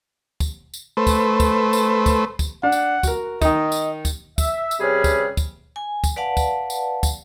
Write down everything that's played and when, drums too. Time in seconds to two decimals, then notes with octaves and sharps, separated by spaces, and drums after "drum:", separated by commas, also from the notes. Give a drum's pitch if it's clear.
0.40 drum: kick, tambourine
0.74 drum: tambourine
0.97 A3 B4 C5
1.07 drum: kick, tambourine
1.40 drum: kick, tambourine
1.73 drum: tambourine
2.06 drum: kick, tambourine
2.39 drum: kick, tambourine
2.63 D4 F#5
2.72 drum: tambourine
3.03 F#4 A#4, drum: kick, tambourine
3.42 D#3 D#4 D#5, drum: kick, tambourine
3.72 drum: tambourine
4.05 drum: kick, tambourine
4.38 E5, drum: kick, tambourine
4.71 drum: tambourine
4.80 C3 G3 C#4 G#4 B4 B5
5.04 drum: kick, tambourine
5.37 drum: kick, tambourine
5.76 G#5
6.04 drum: kick, tambourine
6.16 B4 D5 F5 F#5 A5
6.37 drum: kick, tambourine
6.70 drum: tambourine
7.03 drum: kick, tambourine